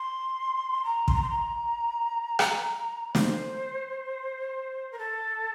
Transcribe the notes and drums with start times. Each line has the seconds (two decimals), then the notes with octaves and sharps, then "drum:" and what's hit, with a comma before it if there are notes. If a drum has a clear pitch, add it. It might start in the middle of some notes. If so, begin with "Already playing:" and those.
Already playing: C6
0.84 A#5
1.08 C6, drum: kick
1.14 A#5
1.22 C6
1.30 A#5
2.39 drum: rim click
3.15 C5, drum: snare
4.92 A#4
4.99 A4